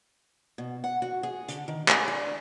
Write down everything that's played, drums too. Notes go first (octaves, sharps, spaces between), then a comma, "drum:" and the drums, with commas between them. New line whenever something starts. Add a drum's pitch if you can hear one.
B2
F#5
F#4
G#4
D3, drum: hi-hat
D#3
G#5, drum: clap
D4